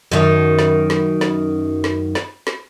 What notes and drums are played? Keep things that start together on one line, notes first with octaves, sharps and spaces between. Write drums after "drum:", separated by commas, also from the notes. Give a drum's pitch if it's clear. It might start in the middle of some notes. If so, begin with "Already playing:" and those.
F#2 D#3
drum: snare
drum: snare
drum: snare
drum: snare
drum: snare
drum: snare